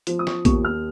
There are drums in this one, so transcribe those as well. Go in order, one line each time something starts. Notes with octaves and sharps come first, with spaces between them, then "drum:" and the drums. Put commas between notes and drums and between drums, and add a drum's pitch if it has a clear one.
F3, drum: hi-hat
D#6
C#6, drum: snare
D#2 C#6, drum: kick A#1, hi-hat
F6